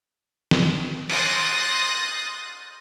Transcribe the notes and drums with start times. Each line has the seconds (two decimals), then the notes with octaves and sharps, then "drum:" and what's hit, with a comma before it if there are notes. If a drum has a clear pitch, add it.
0.51 drum: snare
1.10 C6 D#6 F#6 G6 A6 A#6, drum: cymbal